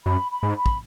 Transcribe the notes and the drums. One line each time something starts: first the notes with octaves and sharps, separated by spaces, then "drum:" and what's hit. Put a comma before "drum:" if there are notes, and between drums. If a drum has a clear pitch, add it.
F#2 B5
B5
G#2
B5
drum: kick